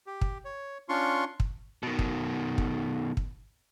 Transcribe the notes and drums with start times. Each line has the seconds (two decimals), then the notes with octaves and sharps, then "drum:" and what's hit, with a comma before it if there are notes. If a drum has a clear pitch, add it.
0.07 G4
0.21 drum: kick
0.45 C#5
0.89 C#4 D4 F4 C6 C#6
1.40 drum: kick
1.83 B2 D#3
1.99 drum: kick
2.58 drum: kick
3.17 drum: kick